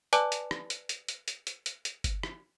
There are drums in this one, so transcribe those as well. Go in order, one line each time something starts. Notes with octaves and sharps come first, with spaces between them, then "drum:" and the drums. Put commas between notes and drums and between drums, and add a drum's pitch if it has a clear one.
B4 D5 G#5 A5 D6 F#6, drum: hi-hat
drum: hi-hat
drum: rim click
drum: hi-hat
drum: hi-hat
drum: hi-hat
drum: hi-hat
drum: hi-hat
drum: hi-hat
drum: hi-hat
drum: kick G1, hi-hat
drum: rim click